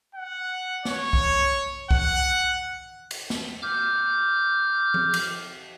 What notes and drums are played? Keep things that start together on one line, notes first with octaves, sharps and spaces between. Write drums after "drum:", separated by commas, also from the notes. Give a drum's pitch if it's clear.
F#5
C#5, drum: snare A#3
drum: kick B1
F#5, drum: kick B1
drum: cymbal
drum: snare A#3
D6 F6 G6
drum: tom F3
drum: cymbal